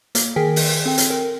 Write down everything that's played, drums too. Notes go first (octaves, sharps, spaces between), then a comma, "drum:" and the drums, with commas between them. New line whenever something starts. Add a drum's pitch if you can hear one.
A#3, drum: hi-hat
D#3 G#4 A#4 G5 G#5 B6
drum: open hi-hat
C4 A4 G5
drum: hi-hat
A#4 G5